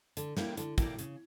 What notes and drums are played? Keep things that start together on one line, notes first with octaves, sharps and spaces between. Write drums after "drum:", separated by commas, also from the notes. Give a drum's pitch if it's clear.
D3, drum: hi-hat
G3 A#3 E4 G4, drum: snare
D3, drum: hi-hat
G3 A#3 E4 G4, drum: kick, hi-hat
C#3, drum: hi-hat